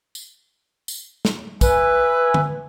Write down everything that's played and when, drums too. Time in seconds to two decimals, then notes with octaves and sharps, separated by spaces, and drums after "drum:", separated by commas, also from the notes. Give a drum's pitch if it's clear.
0.15 drum: tambourine
0.88 drum: tambourine
1.25 drum: snare
1.61 B4 E5 G#5, drum: kick, tambourine
2.34 drum: tom D3